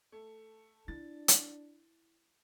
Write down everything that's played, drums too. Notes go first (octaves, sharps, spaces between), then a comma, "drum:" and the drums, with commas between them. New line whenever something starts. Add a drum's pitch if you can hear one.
A3
D4 E4 A6
drum: hi-hat